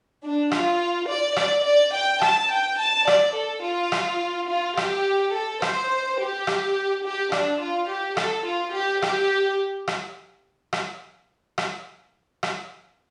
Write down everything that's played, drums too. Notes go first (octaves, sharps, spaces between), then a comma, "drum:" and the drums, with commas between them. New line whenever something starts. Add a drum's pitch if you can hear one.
D4
F4, drum: rim click
D5
D5, drum: rim click
D5
G5
A5, drum: rim click
G5
A5
D5, drum: rim click
A4
F4
drum: rim click
F4
G4, drum: rim click
A4
C5, drum: rim click
G4
drum: rim click
G4
D4, drum: rim click
F4
G4
A4, drum: rim click
F4
G4
G4, drum: rim click
drum: rim click
drum: rim click
drum: rim click
drum: rim click